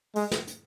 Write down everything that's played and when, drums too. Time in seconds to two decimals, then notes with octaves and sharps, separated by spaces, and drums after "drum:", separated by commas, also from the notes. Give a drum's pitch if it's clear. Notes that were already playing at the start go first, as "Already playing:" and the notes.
0.16 G#3, drum: open hi-hat
0.31 drum: snare
0.48 drum: hi-hat